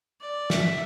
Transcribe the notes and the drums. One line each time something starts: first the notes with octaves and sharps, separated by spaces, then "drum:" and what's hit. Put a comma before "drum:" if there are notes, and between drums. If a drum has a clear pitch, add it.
D5
E5, drum: snare